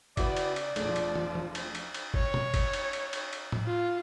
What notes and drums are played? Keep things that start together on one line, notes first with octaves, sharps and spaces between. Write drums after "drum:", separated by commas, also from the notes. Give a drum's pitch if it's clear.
C#3 E4 F#4 B4 D5, drum: kick F#1, cymbal
drum: cymbal
drum: cymbal
F1 F3 A3 D4 G#4, drum: cymbal
drum: cymbal
drum: tom
drum: tom
drum: cymbal
drum: cymbal
drum: cymbal
C#5, drum: kick F#1
drum: tom B2
drum: kick F#1, cymbal
drum: cymbal
drum: cymbal
drum: cymbal
drum: cymbal
drum: tom
F4